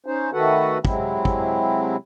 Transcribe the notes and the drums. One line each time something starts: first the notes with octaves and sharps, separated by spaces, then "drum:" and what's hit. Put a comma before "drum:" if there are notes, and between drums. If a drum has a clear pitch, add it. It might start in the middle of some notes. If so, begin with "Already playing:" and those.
C#4 D#4 C5
D#3 A3 F#4 A4 B4 F#5
C3 F#3 G#3 C4 E4, drum: kick
drum: kick